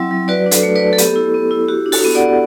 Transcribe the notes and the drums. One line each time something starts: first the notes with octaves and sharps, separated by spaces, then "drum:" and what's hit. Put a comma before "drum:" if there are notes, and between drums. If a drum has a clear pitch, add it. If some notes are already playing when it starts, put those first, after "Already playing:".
Already playing: F#3 C4 E4 E5 G5
F#3
F#4 B4 D5
D4
A4 C5, drum: hi-hat
A3
B4 D5
A3
A4
B3 G4, drum: hi-hat
E4
B3
E4
F#4 G4
D4
F#4 A4, drum: open hi-hat
B3
D5 F#5
B3